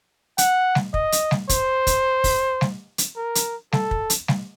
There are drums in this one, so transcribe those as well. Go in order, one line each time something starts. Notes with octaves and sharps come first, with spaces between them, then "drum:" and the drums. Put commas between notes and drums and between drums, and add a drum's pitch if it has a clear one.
F#5, drum: hi-hat
drum: snare G3
D#5, drum: kick
drum: hi-hat
drum: snare G3
C5, drum: kick, hi-hat
drum: kick, hi-hat
drum: kick, open hi-hat
drum: snare G3
drum: hi-hat
A#4
drum: hi-hat
A4, drum: snare G3
drum: kick
drum: hi-hat
drum: snare G3